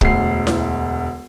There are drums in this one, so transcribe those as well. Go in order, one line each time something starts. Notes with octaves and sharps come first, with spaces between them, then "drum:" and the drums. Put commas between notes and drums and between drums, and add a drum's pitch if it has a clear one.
E1 D2 C7, drum: kick
drum: snare E4